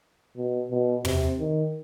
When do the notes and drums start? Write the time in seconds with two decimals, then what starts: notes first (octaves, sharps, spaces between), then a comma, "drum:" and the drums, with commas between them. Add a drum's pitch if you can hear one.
0.36 B2
0.71 B2
1.05 C3, drum: tom
1.39 D#3